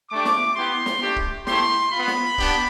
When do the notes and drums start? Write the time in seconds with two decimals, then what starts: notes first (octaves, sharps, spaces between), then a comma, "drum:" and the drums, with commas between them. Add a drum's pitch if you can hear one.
0.10 A3 D4 G4 D6
0.25 drum: snare
0.56 B3 E4 G4 C6
0.86 drum: snare
1.01 A3 D4 G4
1.16 drum: kick
1.47 A3 E4 G4 C6, drum: snare
1.92 B3 F4 B5
2.07 drum: snare
2.38 B3 D4 G4, drum: kick